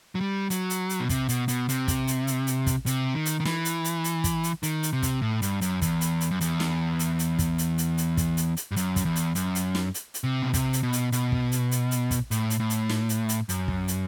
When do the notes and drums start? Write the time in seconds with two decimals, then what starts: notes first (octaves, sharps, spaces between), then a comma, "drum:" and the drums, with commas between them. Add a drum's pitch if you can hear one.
0.15 F#3
0.21 G3
0.50 F#3, drum: hi-hat
0.70 drum: hi-hat
0.89 drum: hi-hat
1.00 B2
1.09 C3, drum: kick, hi-hat
1.29 B2, drum: hi-hat
1.48 B2, drum: hi-hat
1.69 C3, drum: hi-hat
1.88 drum: kick, hi-hat
2.08 drum: hi-hat
2.27 drum: hi-hat
2.47 drum: hi-hat
2.67 drum: kick, hi-hat
2.86 C3, drum: hi-hat
3.15 D#3
3.26 drum: hi-hat
3.40 D#3
3.45 E3, drum: snare
3.65 drum: hi-hat
3.85 drum: hi-hat
4.04 drum: hi-hat
4.24 drum: kick, hi-hat
4.44 drum: hi-hat
4.63 D#3, drum: hi-hat
4.83 drum: hi-hat
4.93 C3
5.03 drum: kick, hi-hat
5.22 A2
5.42 G2, drum: hi-hat
5.61 F#2, drum: hi-hat
5.82 E2, drum: kick, hi-hat
6.01 drum: hi-hat
6.21 drum: hi-hat
6.31 F#2
6.41 E2, drum: hi-hat
6.60 drum: snare
6.99 drum: hi-hat
7.19 drum: hi-hat
7.39 drum: kick, hi-hat
7.58 drum: hi-hat
7.78 drum: hi-hat
7.98 drum: hi-hat
8.17 drum: kick, hi-hat
8.37 drum: hi-hat
8.57 drum: hi-hat
8.72 G2
8.76 F#2, drum: hi-hat
8.96 drum: kick, hi-hat
9.05 E2
9.16 drum: hi-hat
9.35 F#2, drum: hi-hat
9.55 drum: hi-hat
9.75 drum: snare
9.94 drum: hi-hat
10.14 drum: hi-hat
10.24 C3
10.42 B2
10.54 C3, drum: kick, hi-hat
10.73 drum: hi-hat
10.83 B2
10.93 drum: hi-hat
11.12 B2, drum: hi-hat
11.32 drum: kick
11.52 drum: hi-hat
11.71 drum: hi-hat
11.91 drum: hi-hat
12.11 drum: kick, hi-hat
12.31 A2, drum: hi-hat
12.50 drum: hi-hat
12.60 A2
12.70 drum: hi-hat
12.89 drum: snare
13.09 drum: hi-hat
13.29 drum: hi-hat
13.49 F#2, drum: hi-hat
13.68 drum: kick
13.88 drum: hi-hat